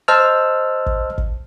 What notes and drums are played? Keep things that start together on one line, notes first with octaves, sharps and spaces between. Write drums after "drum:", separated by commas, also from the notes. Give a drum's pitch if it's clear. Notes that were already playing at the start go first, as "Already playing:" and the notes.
C5 D#5 A5 E6 F6
drum: kick
drum: kick